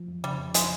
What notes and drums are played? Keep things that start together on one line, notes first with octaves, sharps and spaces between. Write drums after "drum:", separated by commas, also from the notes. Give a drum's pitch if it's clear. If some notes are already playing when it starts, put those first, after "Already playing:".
Already playing: F3
F2
C#3 G3
F2
F3 G#3, drum: hi-hat